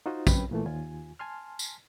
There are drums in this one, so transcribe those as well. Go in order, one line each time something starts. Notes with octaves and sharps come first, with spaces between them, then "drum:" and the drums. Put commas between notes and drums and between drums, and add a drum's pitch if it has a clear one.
D#4 F4 F#4 C5 D#5
F#2 C4 C#4 B4 G5 B5, drum: kick, tambourine
A#2 E3 A3
D#2 F4 G#5
G#5 A5 C6 F6
drum: tambourine